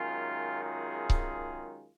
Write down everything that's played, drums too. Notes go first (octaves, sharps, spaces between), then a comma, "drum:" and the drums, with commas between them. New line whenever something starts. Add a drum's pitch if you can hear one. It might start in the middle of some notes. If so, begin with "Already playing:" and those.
Already playing: F#2 D#3 G#3 C#4 F4
F4 G#4
drum: kick C#1